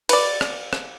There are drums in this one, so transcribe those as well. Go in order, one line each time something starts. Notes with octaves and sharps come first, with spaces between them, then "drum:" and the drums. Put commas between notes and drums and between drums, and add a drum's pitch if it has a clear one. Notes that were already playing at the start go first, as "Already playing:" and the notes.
B4 D5, drum: cymbal
drum: rim click
drum: rim click